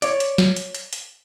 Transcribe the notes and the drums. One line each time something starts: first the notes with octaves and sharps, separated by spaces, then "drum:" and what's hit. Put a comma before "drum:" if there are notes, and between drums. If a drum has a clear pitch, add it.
C#5 D5, drum: hi-hat
drum: hi-hat
drum: snare
drum: hi-hat
drum: hi-hat
drum: hi-hat